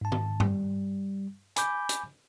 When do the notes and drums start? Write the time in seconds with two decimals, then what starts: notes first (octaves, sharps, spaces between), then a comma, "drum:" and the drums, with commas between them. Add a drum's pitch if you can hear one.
0.01 G#2 A5
0.12 drum: tom
0.40 G3, drum: tom G2
1.56 G#5 B5 D6 G6, drum: hi-hat
1.89 drum: hi-hat